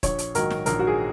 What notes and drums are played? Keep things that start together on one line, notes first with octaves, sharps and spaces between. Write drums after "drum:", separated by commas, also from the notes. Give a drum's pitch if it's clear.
A#1 C#5, drum: kick D#1, hi-hat
drum: hi-hat
G#2 D#3 F#3 A#4, drum: hi-hat
drum: snare
A#1 A#4, drum: hi-hat
F#4
G#4